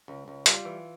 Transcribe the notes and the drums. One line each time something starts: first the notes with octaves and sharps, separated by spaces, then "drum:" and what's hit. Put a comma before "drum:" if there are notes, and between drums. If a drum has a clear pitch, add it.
C#2
C#2
G3 F4, drum: hi-hat
E3